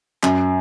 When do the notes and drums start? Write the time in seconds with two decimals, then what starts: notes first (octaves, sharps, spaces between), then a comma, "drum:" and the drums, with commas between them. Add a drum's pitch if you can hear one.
0.23 F#2, drum: clap